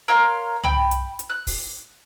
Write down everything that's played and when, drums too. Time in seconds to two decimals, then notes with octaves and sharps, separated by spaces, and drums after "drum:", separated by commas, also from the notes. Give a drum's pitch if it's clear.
0.08 A#4 C#5 F5 C6
0.63 G5 B5, drum: tom
0.91 drum: hi-hat
1.19 drum: hi-hat
1.30 F#6
1.47 drum: kick, open hi-hat